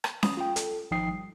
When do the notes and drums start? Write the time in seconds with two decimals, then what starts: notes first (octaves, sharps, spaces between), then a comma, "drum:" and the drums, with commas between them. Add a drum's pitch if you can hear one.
0.04 drum: rim click
0.23 D#6, drum: snare C#4
0.37 F4 G5
0.56 A4, drum: hi-hat
0.91 G#1 F3 D#4 G5 D#6 C7
1.11 G3